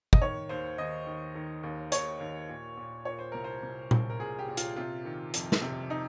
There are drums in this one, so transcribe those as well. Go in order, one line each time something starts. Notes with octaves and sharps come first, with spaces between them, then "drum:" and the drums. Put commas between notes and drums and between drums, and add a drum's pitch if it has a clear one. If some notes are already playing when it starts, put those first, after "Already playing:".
D#5, drum: kick
D#3 C#5
D#2 C5
D#2 D#5
D#3
D#3
D#2
D#2 C#5, drum: hi-hat
D#2
A#2
A#2
A#2 C#5
C5
C2 A#4
C5
C2
C2, drum: tom A#2
A#4
A#2 G#4
G4
A#2
F4, drum: hi-hat
C3 F4
D#3
F2, drum: hi-hat
drum: snare
C3
D#4